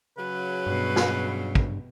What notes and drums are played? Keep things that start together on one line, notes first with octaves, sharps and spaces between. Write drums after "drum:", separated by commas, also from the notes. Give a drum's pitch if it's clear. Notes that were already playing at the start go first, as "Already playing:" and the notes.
C#3 F#3 B4
G2 B2
drum: snare
drum: kick